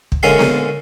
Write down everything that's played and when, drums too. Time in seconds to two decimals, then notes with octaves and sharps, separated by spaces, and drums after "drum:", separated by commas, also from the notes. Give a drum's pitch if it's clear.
0.12 drum: kick
0.23 A#2 D3 G#3 C#4 E5 F5
0.39 drum: snare B3